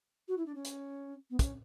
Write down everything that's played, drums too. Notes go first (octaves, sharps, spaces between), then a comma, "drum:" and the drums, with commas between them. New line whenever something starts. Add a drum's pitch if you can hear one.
F#4
E4
D4
C#4
drum: hi-hat
B3
C#4, drum: kick, hi-hat